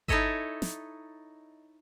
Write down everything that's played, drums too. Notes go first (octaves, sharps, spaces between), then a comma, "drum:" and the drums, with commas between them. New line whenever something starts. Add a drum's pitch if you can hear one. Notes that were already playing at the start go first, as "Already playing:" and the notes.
D#4 E4 A4 C#5 D#5 E5, drum: kick G1
drum: snare